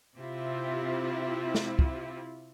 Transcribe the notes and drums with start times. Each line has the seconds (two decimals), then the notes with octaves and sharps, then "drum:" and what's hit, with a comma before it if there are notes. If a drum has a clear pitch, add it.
0.18 C3 C4 E4 F4 G4
1.55 drum: snare
1.79 drum: kick